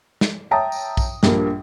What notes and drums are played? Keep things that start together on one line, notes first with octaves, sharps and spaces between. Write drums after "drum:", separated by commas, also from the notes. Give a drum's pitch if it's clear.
drum: snare
C#5 E5 G5 A5 A#5 D#6
drum: tambourine
drum: kick A#1, tambourine
A#1 G2 A#2 A#3, drum: snare